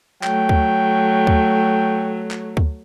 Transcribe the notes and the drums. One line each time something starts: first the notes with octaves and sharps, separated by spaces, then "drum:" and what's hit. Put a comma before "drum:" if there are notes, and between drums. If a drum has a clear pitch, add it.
F#3 A3 G5, drum: clap
drum: kick D2
drum: kick D2
drum: clap
drum: kick D2